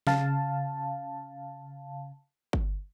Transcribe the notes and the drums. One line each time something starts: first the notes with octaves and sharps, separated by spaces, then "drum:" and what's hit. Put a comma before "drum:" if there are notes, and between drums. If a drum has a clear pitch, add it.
C#3 F5 A5, drum: snare
drum: kick G1